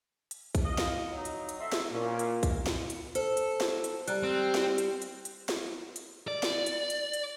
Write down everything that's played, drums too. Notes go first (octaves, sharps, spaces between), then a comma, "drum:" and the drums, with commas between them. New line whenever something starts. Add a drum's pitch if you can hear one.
drum: hi-hat
drum: kick A#1, hi-hat
D#5 F5
drum: snare
F#3 D#4
drum: hi-hat
drum: hi-hat
C4 A4 E5
drum: snare
A#2 C#4
drum: hi-hat
drum: kick A#1, hi-hat
drum: snare
drum: hi-hat
A4 C5, drum: hi-hat
drum: hi-hat
drum: snare
drum: hi-hat
G3 A#5 F#6, drum: hi-hat
C4
drum: snare
drum: hi-hat
drum: hi-hat
drum: hi-hat
drum: snare
drum: hi-hat
D5
drum: snare
drum: hi-hat
drum: hi-hat
drum: hi-hat